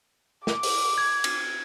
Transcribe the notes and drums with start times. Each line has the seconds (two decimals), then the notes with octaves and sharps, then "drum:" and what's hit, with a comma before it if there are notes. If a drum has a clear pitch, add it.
0.47 D6, drum: snare
0.63 drum: open hi-hat
0.98 G#6
1.24 drum: cymbal